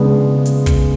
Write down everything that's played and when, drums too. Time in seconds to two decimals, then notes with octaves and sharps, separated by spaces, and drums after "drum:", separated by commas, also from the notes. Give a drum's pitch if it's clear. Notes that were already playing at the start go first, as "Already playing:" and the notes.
Already playing: C#3 G#3 B3 D4
0.46 drum: hi-hat
0.66 drum: kick, hi-hat